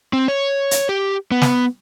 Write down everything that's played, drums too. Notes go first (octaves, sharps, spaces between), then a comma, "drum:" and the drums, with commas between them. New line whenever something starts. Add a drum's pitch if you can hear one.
C4
C#5
drum: hi-hat
G4
B3
drum: snare